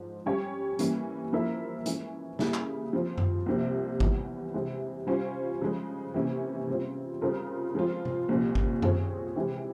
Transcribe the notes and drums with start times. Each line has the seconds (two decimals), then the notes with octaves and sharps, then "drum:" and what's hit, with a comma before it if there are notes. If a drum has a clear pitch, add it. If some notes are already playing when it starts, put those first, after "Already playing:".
Already playing: G#2 F3
0.26 G3 C#4 G4 C#5
0.79 E3 G3 A#3 C#4, drum: hi-hat
1.33 F3 A#3 E4 A#4 E5
1.86 E3 G#3 C#4, drum: hi-hat
2.39 C#3 G3 A#3 E4 G#4, drum: snare
2.54 drum: clap
2.93 F3 C4 F4
3.18 drum: tom F#2
3.46 C2 C3 F3 A#3
4.00 E2 E3 G3, drum: kick
4.54 C3 E3 G#3
5.07 G3 C#4 F4 C5 F5
5.62 C#3 F3 G#3
6.14 C3 E3 A#3 C#4
6.67 C#3 G3 C4 F4
7.21 C#3 G3 C4 F4 A#4
7.75 F3 G#3 C4 F4
8.05 drum: tom C3
8.29 C2 A#2 F3 A#3 C#4
8.55 drum: kick
8.82 F3 C4 F4 G#4 C#5, drum: tom F#2
9.36 C3 E3 G#3 E4 G4